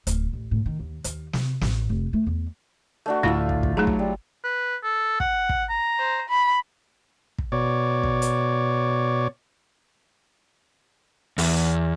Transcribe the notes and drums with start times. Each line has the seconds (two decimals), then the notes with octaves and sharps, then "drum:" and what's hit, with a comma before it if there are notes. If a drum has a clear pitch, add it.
0.07 D1, drum: hi-hat
0.33 A1
0.51 A2
0.66 D#3
0.79 D#2
1.04 D#2, drum: hi-hat
1.33 C3, drum: snare
1.61 A1, drum: snare
1.90 F1
2.13 A3
2.27 E2
3.06 A3 D4 F#4
3.23 D2 A2 D3 E4 F4 E5
3.49 drum: kick
3.63 drum: kick
3.77 F#3 A3 D#4 G#4 A#5
3.87 drum: kick
3.99 G3
4.44 B4
4.83 A4
5.20 F#5, drum: kick
5.49 drum: kick
5.69 A#5
5.99 C5
6.29 B5
7.38 drum: kick
7.52 B2 C#5 D5
8.04 drum: kick
8.22 drum: hi-hat
11.38 E2, drum: open hi-hat